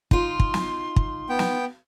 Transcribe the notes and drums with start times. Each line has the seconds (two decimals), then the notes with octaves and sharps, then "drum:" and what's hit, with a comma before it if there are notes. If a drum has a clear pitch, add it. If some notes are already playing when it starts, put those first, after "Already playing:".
0.11 D#4 F4 C6, drum: kick
0.40 drum: kick
0.54 drum: snare
0.96 drum: kick
1.29 B3 G5
1.39 drum: snare